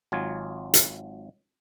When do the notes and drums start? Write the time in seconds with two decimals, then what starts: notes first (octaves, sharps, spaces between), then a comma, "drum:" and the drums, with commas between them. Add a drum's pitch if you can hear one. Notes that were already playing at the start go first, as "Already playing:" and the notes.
0.12 G#1 F#3 F4 G#5
0.74 drum: hi-hat